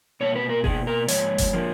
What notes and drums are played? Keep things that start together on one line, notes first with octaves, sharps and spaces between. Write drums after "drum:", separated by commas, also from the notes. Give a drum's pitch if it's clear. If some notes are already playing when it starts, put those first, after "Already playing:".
B2 A#3 C#5
B4
A#4
B2 A#3 G#4, drum: kick F#1
A#4
G#2 F3 A#3 C#5, drum: hi-hat
drum: kick F#1, hi-hat
F3 A#3